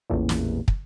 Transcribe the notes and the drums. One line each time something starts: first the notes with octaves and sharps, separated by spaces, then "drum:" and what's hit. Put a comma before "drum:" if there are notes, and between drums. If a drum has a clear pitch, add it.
A1 E2 A#2
drum: snare
drum: kick